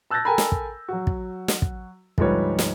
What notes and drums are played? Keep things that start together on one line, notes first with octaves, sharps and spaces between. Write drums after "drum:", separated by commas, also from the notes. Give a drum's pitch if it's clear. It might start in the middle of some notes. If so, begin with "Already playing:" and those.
A5 E6 F#6 G6 A6 A#6
A4 A#4 G5 G#5 A#5 B5
drum: snare
drum: kick
F#3 F#4
drum: kick
drum: snare
drum: kick
D2 G#2 F3 G3 B4 C#5, drum: kick
drum: snare